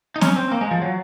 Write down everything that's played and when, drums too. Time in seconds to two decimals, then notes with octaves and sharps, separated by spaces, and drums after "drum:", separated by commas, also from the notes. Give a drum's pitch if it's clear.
0.16 D#4
0.21 C#4, drum: snare
0.36 C4
0.51 A#3
0.61 G#3
0.71 F3
0.82 F#3